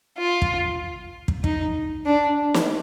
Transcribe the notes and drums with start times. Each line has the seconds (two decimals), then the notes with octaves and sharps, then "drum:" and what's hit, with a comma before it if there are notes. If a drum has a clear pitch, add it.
0.18 F4
0.42 drum: kick
1.28 drum: kick
1.44 D#4, drum: kick
2.06 D4
2.54 drum: snare